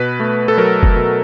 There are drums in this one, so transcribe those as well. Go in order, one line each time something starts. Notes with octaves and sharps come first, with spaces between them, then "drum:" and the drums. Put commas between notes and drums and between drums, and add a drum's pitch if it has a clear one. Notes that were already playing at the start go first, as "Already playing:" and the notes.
Already playing: B2 B4
A3
A4
F#3 A#4
drum: kick
B2